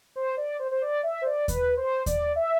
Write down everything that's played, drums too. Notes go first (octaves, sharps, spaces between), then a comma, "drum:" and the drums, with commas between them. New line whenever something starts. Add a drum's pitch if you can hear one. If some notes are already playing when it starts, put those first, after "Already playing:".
C5
D5
C5
C5
D5
E5
C5
D5
B4, drum: kick D#2, hi-hat
C5
D5, drum: kick D#2, hi-hat
E5